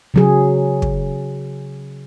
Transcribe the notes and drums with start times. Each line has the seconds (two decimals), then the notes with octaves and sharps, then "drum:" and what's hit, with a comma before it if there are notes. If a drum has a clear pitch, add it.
0.14 C#3 F#3 G#4
0.82 drum: kick